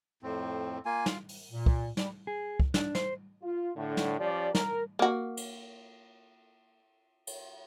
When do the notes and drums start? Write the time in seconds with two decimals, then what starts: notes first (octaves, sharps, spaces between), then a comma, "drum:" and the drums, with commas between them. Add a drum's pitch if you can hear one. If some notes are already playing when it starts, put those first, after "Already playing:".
0.23 F2 A2 C4
0.85 A#3 F4 G#5
1.06 drum: snare
1.29 drum: open hi-hat
1.52 A#2
1.66 drum: kick
1.97 G3, drum: snare
2.27 G#4
2.60 drum: kick
2.74 D4, drum: snare
2.95 C5, drum: snare
3.43 F4
3.76 A2 D3
3.97 drum: snare
4.19 F3 C#4 G4 D5
4.55 A#4, drum: snare
4.99 A#3 F#4
5.37 drum: cymbal
7.27 drum: cymbal